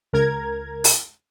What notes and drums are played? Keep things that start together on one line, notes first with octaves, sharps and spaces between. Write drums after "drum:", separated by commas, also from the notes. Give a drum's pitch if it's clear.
C#2 A#4 A#5 G#6
drum: open hi-hat